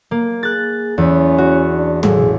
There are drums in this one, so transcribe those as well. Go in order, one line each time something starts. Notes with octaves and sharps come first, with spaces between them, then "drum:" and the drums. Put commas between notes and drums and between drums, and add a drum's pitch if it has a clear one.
A#3
G#4 F#6 A6
E2 C#4 B5
F#4
D4
A1 G#4, drum: tom